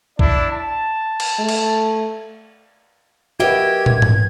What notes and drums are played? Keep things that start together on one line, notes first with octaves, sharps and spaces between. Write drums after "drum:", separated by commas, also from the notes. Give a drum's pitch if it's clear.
D4 E4 D5, drum: kick A#1
A5
drum: cymbal
A3
drum: cymbal
F#4 G4 A#4 B4 D#5 E5 G#6
drum: tom
drum: tom G#2